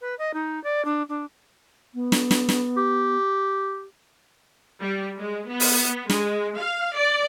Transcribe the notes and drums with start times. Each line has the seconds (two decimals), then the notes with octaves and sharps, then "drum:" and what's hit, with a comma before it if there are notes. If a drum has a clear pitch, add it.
0.01 B4
0.19 D#5
0.34 D#4
0.64 D5
0.85 D4
1.09 D4
1.94 B3
2.12 drum: snare
2.31 drum: snare
2.49 drum: snare
2.77 G4
4.81 G3
5.17 G#3
5.49 B3
5.60 drum: open hi-hat
6.10 G#3, drum: snare
6.58 F5
6.95 D5